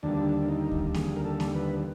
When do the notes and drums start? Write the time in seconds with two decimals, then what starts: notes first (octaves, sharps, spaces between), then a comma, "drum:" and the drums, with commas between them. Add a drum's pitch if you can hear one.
0.03 D#2 D3 G3 D4
0.43 D4
0.48 D#4
0.71 drum: kick C#2
0.94 G#4, drum: snare A#3
1.16 A#4
1.25 A4
1.40 drum: snare A#3
1.55 B4